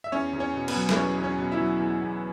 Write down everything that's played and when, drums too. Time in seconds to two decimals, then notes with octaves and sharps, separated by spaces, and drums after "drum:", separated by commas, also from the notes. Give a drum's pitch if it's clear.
0.04 E5
0.12 E2 C#4 C#5
0.33 E2
0.40 C#4 C#5
0.54 B2
0.68 B3 B4, drum: cymbal
0.75 F#3
0.89 B4, drum: snare
0.96 E2 C#4 C#5
1.17 E2
1.24 C#4 C#5
1.38 B2
1.52 E4 E5
1.59 F#3
1.80 E2
2.01 E2